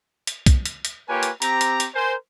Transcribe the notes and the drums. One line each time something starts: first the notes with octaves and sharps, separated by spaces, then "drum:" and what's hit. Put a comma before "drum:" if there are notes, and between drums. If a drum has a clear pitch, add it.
drum: hi-hat
drum: kick B1, hi-hat
drum: hi-hat
drum: hi-hat
A#3 F4 G4 B4 C#5 G#5
drum: hi-hat
C4 G4 A#5, drum: hi-hat
drum: hi-hat
drum: hi-hat
A#4 C5 G#5